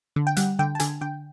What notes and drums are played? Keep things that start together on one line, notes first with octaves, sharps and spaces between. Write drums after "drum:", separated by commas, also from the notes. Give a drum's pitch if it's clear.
D3
G5
G3 F#5, drum: hi-hat
D3 G5
A5
D3 G#5, drum: hi-hat
D3 G5